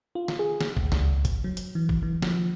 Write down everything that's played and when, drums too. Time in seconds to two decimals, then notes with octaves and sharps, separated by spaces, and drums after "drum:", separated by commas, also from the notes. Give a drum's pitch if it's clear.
0.15 F4
0.28 drum: snare
0.39 G#4
0.61 drum: snare
0.77 D2, drum: kick
0.92 C#2, drum: snare
1.25 drum: kick, hi-hat
1.44 F#3
1.57 drum: hi-hat
1.75 E3
1.89 drum: kick
2.03 E3
2.22 F3, drum: snare